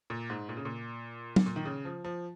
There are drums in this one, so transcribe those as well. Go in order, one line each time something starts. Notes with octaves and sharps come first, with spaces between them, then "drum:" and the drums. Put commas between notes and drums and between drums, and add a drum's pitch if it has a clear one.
A#2
G#2
A#2
C#3
A#2
drum: tom
A#2
D#3
C#3
F3
F3